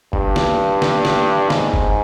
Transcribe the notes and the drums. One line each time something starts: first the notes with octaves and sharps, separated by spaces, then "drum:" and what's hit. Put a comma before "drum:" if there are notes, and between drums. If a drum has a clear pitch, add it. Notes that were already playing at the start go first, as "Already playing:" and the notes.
G2, drum: kick
drum: snare
drum: snare
drum: snare
G#2, drum: snare
drum: kick